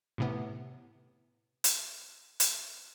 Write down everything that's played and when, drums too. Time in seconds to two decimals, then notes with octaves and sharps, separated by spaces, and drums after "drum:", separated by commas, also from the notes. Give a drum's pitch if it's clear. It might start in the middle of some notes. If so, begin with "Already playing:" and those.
0.18 A2 C3 B3
1.64 drum: hi-hat
2.40 drum: hi-hat